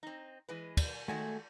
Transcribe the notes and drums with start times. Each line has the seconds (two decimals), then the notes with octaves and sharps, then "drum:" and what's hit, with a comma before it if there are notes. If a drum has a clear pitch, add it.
0.03 C4 D#4
0.49 E3 G#3 B4
0.77 drum: kick, cymbal
1.08 D#3 G#3 A3 F#4 G#5